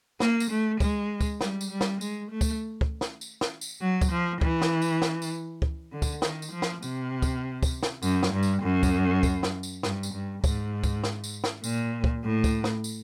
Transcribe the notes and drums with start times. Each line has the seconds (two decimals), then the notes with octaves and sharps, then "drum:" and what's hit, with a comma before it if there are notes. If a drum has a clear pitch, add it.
0.20 A#3, drum: snare
0.40 drum: tambourine
0.50 A3
0.80 G#3, drum: kick, tambourine
1.21 drum: kick, tambourine
1.41 G3, drum: snare
1.61 drum: tambourine
1.71 G3
1.81 drum: snare
2.01 G#3, drum: tambourine
2.31 A3
2.41 drum: kick, tambourine
2.81 drum: kick
3.01 drum: snare
3.21 drum: tambourine
3.41 drum: snare
3.61 drum: tambourine
3.81 F#3
4.01 drum: kick, tambourine
4.12 F3
4.41 E3, drum: kick
4.62 drum: snare
4.82 drum: tambourine
5.02 drum: snare
5.22 drum: tambourine
5.62 drum: kick
5.92 D3
6.02 drum: kick, tambourine
6.22 D#3, drum: snare
6.42 drum: tambourine
6.52 F3
6.62 drum: snare
6.82 C3, drum: tambourine
7.22 drum: kick, tambourine
7.63 drum: kick, tambourine
7.83 drum: snare
8.03 F#2, drum: tambourine
8.23 drum: snare
8.33 G2
8.43 drum: tambourine
8.63 F#2
8.83 drum: kick, tambourine
9.23 drum: kick, tambourine
9.43 drum: snare
9.63 drum: tambourine
9.83 G2, drum: snare
10.03 drum: tambourine
10.13 G2
10.44 G#2, drum: kick, tambourine
10.84 drum: kick, tambourine
11.04 drum: snare
11.24 drum: tambourine
11.44 drum: snare
11.64 A#2, drum: tambourine
12.04 drum: kick
12.24 A2
12.44 drum: kick, tambourine
12.64 drum: snare
12.84 drum: tambourine